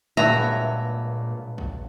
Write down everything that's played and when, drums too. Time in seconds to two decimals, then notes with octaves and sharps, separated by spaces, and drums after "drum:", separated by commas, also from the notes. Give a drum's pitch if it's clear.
0.17 C#2 G2 A#2 F#3 E5 A#5
1.58 drum: kick